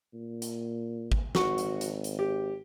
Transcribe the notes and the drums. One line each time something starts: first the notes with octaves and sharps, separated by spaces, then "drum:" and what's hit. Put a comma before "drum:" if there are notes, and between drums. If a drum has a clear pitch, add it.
A#2
drum: hi-hat
drum: kick G#1
G#1 F#4 C#6, drum: snare
drum: hi-hat
drum: hi-hat
drum: hi-hat
G4